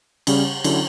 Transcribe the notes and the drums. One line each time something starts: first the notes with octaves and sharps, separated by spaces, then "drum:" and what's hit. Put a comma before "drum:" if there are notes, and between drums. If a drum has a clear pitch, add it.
C#3 G3 C#4, drum: cymbal
D3 F#3 C#4 E4, drum: cymbal